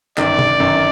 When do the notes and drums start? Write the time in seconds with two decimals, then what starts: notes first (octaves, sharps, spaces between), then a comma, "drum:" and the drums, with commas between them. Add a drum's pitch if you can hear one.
0.18 G1 F#2 D#3 D5, drum: clap
0.39 drum: tom
0.60 G1 F#2 D#3